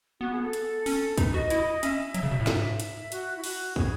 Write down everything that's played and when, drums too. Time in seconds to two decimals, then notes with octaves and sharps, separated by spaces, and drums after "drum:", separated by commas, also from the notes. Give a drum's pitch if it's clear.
0.20 B3 F#4
0.32 G#4
0.42 A4
0.53 drum: hi-hat
0.86 C#4, drum: open hi-hat
1.18 D#4 B4, drum: kick, hi-hat
1.34 F#4 D#5
1.50 E4, drum: hi-hat
1.83 C#4 E5, drum: hi-hat
2.14 F#3, drum: hi-hat
2.23 C#3
2.31 B2
2.40 A2
2.47 G#2 E5, drum: snare
2.80 drum: hi-hat
3.12 F#4, drum: hi-hat
3.37 E4
3.44 F#4, drum: open hi-hat
3.76 A2 G#4, drum: kick